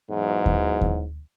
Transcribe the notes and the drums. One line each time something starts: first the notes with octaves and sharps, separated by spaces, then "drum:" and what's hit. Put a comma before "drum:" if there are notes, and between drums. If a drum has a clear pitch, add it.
E2 G#2 E3 F#3
drum: kick D#2
drum: kick D#2